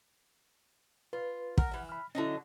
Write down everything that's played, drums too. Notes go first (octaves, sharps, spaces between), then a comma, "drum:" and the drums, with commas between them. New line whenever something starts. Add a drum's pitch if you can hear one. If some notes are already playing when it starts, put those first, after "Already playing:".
F4 B4
A#4 F#5 F6, drum: kick
E3 E5
B5 F6
D3 F#3 C#4 D#4 E4